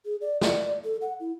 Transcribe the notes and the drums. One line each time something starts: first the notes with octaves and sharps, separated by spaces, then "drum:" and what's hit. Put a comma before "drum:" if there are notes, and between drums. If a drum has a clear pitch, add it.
G#4
D5
D5, drum: snare
A4
F#5
E4